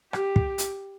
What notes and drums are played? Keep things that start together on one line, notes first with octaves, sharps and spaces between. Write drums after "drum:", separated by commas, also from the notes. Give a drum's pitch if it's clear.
G4, drum: rim click
drum: kick
drum: hi-hat